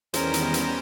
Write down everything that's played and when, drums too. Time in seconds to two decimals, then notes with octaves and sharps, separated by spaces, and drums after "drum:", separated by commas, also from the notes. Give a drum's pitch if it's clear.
0.14 E2 D#3 G3 B3 C#4 A#4 C5, drum: hi-hat
0.34 drum: hi-hat
0.54 drum: hi-hat